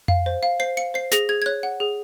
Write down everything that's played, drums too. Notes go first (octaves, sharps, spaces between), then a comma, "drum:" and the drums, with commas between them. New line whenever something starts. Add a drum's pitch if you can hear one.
F5, drum: tom F2
C5
F5
C5 C7
F5 C#7
C5 C7
G#4 A#6, drum: snare
G#4 G#6
G#6
C#5 F#6
F#5
G#4